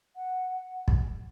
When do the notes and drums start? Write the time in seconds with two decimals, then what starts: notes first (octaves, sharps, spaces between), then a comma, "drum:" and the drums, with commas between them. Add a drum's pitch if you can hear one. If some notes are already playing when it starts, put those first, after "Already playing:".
0.16 F#5
0.88 drum: kick